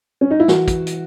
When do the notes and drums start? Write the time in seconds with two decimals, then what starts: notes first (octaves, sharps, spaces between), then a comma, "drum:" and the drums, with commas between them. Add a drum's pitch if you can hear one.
0.21 C#4
0.31 D#4
0.40 E4
0.48 E3 F#4, drum: snare
0.68 drum: kick, hi-hat
0.87 drum: hi-hat